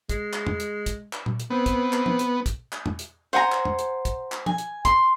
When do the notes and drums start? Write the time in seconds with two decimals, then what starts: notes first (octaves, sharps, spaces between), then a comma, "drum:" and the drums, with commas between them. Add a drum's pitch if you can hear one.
0.09 G#3, drum: kick, hi-hat
0.33 drum: clap
0.47 drum: tom
0.60 drum: hi-hat
0.86 drum: kick, hi-hat
1.13 drum: clap
1.26 drum: tom A#2
1.40 drum: hi-hat
1.50 B3 C4
1.66 drum: kick, hi-hat
1.93 drum: clap
2.06 drum: tom
2.19 drum: hi-hat
2.46 drum: kick, hi-hat
2.72 drum: clap
2.86 drum: tom
2.99 drum: hi-hat
3.33 C5 F#5 G#5 A#5
3.52 drum: clap
3.65 drum: tom
3.79 drum: hi-hat
4.05 drum: kick, hi-hat
4.32 drum: clap
4.46 G#5, drum: tom
4.58 drum: hi-hat
4.85 C6, drum: kick, hi-hat